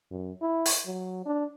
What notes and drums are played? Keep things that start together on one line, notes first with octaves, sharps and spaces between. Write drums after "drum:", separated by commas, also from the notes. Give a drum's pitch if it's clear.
F#2
E4
drum: open hi-hat
F#3
D4